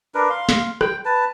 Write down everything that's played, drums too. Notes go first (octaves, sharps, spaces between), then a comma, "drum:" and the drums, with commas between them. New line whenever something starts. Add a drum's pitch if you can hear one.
D4 A#4 B4
F5 C6
drum: snare
G5, drum: rim click
B4 A5